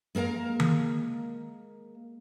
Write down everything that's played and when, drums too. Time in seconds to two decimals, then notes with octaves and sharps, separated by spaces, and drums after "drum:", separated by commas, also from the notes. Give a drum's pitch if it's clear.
0.15 G#3 A#3 A#4 F5 A#5
0.60 drum: tom D#3